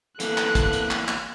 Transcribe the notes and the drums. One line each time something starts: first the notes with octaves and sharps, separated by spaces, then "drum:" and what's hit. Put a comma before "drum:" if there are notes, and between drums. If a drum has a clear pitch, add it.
E3 A#3 B3 A4 F#6, drum: hi-hat
drum: clap
drum: kick, hi-hat
drum: hi-hat
drum: clap
drum: clap